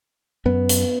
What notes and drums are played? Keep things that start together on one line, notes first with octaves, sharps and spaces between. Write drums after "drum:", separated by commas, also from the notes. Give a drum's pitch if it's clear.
F#2 B3
drum: hi-hat